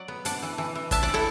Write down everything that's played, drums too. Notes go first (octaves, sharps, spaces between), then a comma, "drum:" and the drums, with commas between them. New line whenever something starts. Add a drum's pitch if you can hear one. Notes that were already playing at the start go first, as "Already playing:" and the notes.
Already playing: F#3 D5 F#5
B3
D4 D5 F#5, drum: hi-hat
E3
E3
E3
D4 E5 A5, drum: kick, hi-hat
D5 F#5
E3
E4 A4